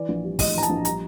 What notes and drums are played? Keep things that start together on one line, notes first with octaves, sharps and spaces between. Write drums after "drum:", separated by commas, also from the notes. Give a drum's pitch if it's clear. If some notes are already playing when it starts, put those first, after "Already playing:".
Already playing: E3 D5
A#1
G3
A2 D#5, drum: kick, open hi-hat
E3 A#5
A5, drum: hi-hat
A#1
G3 A#5, drum: hi-hat